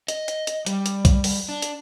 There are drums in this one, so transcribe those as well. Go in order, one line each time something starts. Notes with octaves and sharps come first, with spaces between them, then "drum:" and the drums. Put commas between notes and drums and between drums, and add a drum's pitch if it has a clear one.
D#5, drum: hi-hat
drum: hi-hat
drum: hi-hat
G3, drum: hi-hat
drum: hi-hat
drum: kick, hi-hat
drum: open hi-hat
D4
drum: hi-hat